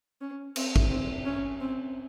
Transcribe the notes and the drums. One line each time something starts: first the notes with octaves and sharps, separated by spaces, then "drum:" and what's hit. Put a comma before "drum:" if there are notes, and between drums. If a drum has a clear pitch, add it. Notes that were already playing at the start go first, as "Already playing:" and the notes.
C#4
C4, drum: cymbal
drum: kick
C4
C#4
C4